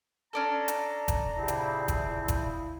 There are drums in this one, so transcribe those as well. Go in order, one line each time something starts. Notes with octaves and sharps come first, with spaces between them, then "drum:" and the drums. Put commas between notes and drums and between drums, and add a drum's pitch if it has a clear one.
C#4 D4 A4 A#5
drum: hi-hat
drum: kick, hi-hat
A#2 C#3 C4 E4 G4
drum: hi-hat
drum: kick, hi-hat
E4
drum: kick, hi-hat